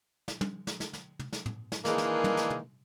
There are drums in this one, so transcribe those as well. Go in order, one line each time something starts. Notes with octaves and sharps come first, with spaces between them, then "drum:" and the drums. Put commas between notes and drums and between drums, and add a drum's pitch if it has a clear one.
drum: snare
drum: tom
drum: snare
drum: snare
drum: snare
drum: tom
drum: snare
drum: tom A2
drum: snare
D#3 E3 G#3 A#3 D4 G#4, drum: snare
drum: snare
drum: tom
drum: snare
drum: tom